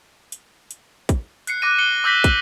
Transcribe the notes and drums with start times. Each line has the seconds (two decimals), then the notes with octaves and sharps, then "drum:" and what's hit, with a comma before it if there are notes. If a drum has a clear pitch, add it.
0.32 drum: hi-hat
0.71 drum: hi-hat
1.09 drum: kick, hi-hat
1.47 F#6 C7 C#7, drum: hi-hat
1.62 D6 F#6 A#6 D#7
1.78 F#6 C#7 G7
2.04 D6 E6 G6 A#6 B6 G7
2.24 drum: kick, hi-hat